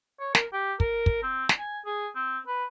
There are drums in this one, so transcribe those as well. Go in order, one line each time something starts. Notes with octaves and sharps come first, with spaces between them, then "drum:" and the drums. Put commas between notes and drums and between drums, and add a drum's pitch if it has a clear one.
C#5
A#4, drum: snare
G4
A#4, drum: kick
drum: kick
C4
drum: snare
G#5
G#4
C4
B4